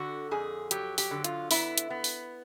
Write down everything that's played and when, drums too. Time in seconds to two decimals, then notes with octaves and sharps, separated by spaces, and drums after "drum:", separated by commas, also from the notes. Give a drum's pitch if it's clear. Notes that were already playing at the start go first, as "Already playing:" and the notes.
Already playing: D3 F#4
0.31 F2 G#4
0.71 F#3 G4, drum: hi-hat
0.98 G4, drum: open hi-hat
1.11 D3
1.24 F4, drum: hi-hat
1.51 B3 E4, drum: open hi-hat
1.78 drum: hi-hat
1.90 B3
2.04 drum: open hi-hat